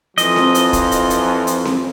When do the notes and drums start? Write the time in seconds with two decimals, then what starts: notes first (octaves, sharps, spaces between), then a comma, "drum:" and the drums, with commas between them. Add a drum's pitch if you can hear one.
0.18 F2 E3 F3 D#5, drum: hi-hat
0.36 drum: snare C4
0.55 drum: hi-hat
0.73 drum: kick, hi-hat
0.92 drum: hi-hat
1.10 drum: hi-hat
1.47 drum: hi-hat
1.65 drum: snare C4